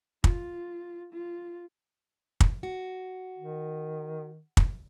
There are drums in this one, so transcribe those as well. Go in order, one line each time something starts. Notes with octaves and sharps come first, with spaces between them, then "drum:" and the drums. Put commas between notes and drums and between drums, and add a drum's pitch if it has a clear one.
F4, drum: kick
F4
drum: kick
F#4
D#3
drum: kick